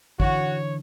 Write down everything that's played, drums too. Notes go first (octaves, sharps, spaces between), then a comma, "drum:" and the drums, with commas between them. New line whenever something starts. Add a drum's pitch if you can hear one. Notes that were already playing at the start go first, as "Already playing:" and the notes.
D3 E3 F#4 C#5, drum: kick